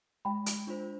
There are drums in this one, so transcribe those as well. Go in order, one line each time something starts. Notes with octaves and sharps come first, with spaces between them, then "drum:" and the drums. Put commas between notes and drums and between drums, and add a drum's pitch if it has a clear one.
G#3 G5 B5
drum: hi-hat
D4 F4 C5